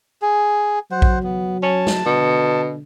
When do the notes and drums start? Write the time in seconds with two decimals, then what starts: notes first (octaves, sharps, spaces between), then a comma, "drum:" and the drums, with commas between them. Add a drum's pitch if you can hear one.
0.22 G#4
0.91 F#3 C5 F#5
1.02 drum: kick A#1
1.23 B3
1.63 C#4 A5
1.87 drum: snare
2.06 B2 D3